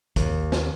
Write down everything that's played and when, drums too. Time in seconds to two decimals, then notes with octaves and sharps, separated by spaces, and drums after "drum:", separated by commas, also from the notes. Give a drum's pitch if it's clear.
0.16 D#2, drum: kick, hi-hat
0.52 drum: snare